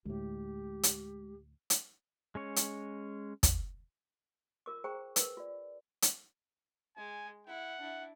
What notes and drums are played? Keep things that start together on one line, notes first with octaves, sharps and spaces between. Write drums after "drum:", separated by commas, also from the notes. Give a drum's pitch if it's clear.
D2 A2 G#3 G4
drum: hi-hat
drum: hi-hat
G#3 C#4 C#5
drum: hi-hat
drum: kick, hi-hat
F4 A#4 D6
G#4 C5 G5 A#5 C#6
A#4 B4, drum: hi-hat
F4 D5
drum: hi-hat
G#3 G#5
E4 F#5
D4 E4